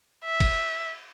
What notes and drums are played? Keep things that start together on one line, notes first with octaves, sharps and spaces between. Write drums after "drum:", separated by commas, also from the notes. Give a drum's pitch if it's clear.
E5
drum: kick, cymbal